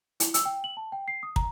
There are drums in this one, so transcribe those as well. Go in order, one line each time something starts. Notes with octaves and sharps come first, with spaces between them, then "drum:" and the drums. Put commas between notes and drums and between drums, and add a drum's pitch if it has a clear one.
E4, drum: hi-hat
E6, drum: hi-hat
G5
F#7
A5
G5
C7
D#6
A#5, drum: kick